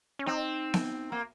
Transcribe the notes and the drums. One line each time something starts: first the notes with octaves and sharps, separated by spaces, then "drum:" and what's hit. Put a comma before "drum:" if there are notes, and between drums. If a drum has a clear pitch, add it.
C#4
C4 D#4
drum: snare B3
A#3